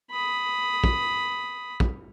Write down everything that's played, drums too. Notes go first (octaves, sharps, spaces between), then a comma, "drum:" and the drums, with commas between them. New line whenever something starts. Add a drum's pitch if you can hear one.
B5 D#6
drum: kick
drum: kick